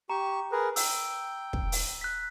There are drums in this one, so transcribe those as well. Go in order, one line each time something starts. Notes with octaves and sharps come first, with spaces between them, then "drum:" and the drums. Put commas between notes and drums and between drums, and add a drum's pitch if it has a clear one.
G4 A#5 C#6
G#4 A#4 B4
G5 E6, drum: open hi-hat
drum: kick
drum: open hi-hat
F#6 B6